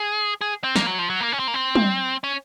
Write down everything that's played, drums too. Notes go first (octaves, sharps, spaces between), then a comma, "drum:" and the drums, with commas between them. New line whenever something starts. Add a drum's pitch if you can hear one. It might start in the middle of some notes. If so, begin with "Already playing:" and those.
Already playing: G#4
G#4
C4
A#3, drum: snare
F#3
F3
F#3
A#3
C#4
C4
A#3
C4
drum: tom
C#4